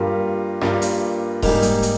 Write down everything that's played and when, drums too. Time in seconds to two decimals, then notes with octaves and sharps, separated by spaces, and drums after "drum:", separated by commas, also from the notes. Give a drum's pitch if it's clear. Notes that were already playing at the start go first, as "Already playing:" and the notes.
Already playing: G2 G3 A#3 F4 A#4
0.61 G2 G3 A#3 F4 A#4, drum: rim click
0.82 drum: hi-hat
1.42 G#2 G3 A#3 D#4 G#4, drum: kick D#1, open hi-hat
1.62 drum: hi-hat
1.83 drum: hi-hat